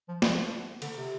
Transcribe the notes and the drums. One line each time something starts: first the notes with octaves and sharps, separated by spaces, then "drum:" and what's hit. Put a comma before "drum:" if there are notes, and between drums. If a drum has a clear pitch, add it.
F3
F3, drum: snare
D3, drum: cymbal
C3